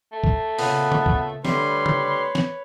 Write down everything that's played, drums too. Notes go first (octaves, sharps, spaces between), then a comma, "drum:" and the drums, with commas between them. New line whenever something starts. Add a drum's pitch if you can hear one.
A3
drum: kick
A#2 C#3 B3, drum: open hi-hat
drum: tom
drum: kick
D3 G3 A3 B4 C#5 C6, drum: snare
drum: tom
drum: snare